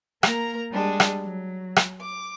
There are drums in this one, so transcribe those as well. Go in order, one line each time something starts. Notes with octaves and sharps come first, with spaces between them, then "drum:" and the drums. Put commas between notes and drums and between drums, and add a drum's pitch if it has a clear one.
A#3 A#4 A#5, drum: rim click
G3 G#3 D4
drum: rim click
F#3
drum: rim click
D6